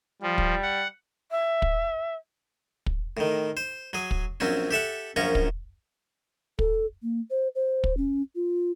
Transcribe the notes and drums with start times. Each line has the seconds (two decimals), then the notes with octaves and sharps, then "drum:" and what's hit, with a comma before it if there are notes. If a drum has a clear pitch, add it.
0.22 F3 G3
0.38 drum: kick
0.63 F#5
1.31 E5
1.62 drum: kick
2.86 drum: kick
3.17 A2 D#3
3.57 C5
3.93 F#3 G#4
4.11 drum: kick
4.40 A#1 F#3 C4 C#4
4.71 G4 A4 E5 F#5
5.16 A#1 F#2 F3 C#4 A#5 C#6
5.35 drum: kick
6.59 A4, drum: kick
7.03 A#3
7.31 C5
7.55 C5
7.84 drum: kick
7.97 C#4
8.35 F4